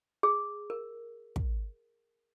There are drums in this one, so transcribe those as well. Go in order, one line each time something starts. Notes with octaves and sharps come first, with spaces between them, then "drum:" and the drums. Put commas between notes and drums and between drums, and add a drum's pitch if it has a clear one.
G#4
A#4
drum: kick